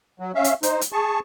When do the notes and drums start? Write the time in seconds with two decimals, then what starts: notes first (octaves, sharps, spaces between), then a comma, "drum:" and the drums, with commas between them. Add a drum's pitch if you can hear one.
0.20 F#3
0.35 C#4 E5 F5
0.44 drum: hi-hat
0.63 D#4 C5, drum: hi-hat
0.81 drum: hi-hat
0.92 G#4 A5 C#6